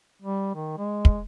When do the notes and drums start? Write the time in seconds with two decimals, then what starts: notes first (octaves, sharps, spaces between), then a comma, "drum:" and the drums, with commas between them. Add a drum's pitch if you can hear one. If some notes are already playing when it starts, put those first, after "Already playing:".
0.22 G3
0.55 D#3
0.78 G#3
1.05 drum: kick